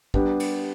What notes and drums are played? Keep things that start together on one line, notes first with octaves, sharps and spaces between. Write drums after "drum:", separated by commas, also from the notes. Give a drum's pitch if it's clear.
G3 B3 D4 G4, drum: kick
drum: cymbal